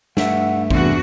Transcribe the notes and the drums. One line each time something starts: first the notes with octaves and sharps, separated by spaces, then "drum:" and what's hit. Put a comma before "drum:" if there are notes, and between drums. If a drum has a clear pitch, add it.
G2 A3 E5 F#5, drum: snare
E2 C3 A3 D4 F#4, drum: kick A1